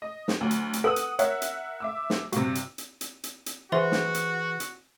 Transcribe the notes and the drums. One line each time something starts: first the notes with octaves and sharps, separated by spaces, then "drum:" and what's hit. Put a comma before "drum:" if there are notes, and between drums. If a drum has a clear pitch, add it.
D#5
drum: snare
D2 F#3
drum: hi-hat
drum: hi-hat
A4 B4 F#5 D#6 E6 F#7
drum: hi-hat
A#4 C#5 E5 F#5, drum: hi-hat
drum: hi-hat
E5 D6 E6
drum: snare
G2 C3 F#4, drum: hi-hat
drum: hi-hat
drum: hi-hat
drum: hi-hat
drum: hi-hat
drum: hi-hat
E3 F#4 G#4 B4 C5 E5 C6
drum: snare
drum: hi-hat
drum: hi-hat